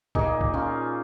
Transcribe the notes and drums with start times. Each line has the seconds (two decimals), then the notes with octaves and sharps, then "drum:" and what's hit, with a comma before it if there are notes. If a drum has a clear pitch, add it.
0.15 A#2 A#3 D#4 G#4, drum: kick
0.41 drum: kick
0.54 C#4 F4